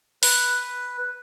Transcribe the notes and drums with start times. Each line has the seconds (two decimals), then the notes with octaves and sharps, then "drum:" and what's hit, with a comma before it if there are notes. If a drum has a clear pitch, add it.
0.23 B4, drum: open hi-hat